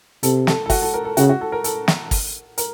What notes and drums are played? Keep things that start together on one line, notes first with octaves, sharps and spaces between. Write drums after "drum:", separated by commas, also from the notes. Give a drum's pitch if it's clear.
C3 A4, drum: hi-hat
A4, drum: snare
A4
F#4, drum: kick, open hi-hat
A4
A#4
A4
C#3 F#4, drum: hi-hat
F#4
A4
A#4
A4, drum: hi-hat
drum: snare
drum: kick, open hi-hat
A#4, drum: hi-hat